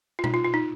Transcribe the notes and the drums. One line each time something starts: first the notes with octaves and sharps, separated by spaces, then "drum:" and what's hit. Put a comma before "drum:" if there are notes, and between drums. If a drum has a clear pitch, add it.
F4
D#4, drum: tom B2
F4
F4
D#4